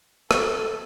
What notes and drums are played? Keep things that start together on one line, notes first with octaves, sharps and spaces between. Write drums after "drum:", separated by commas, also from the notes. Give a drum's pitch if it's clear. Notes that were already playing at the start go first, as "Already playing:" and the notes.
A4, drum: rim click